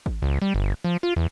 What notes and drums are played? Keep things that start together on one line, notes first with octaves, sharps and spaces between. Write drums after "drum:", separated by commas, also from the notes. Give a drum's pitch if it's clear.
drum: kick G#1
C#2
G3
G1
F3
F4
E2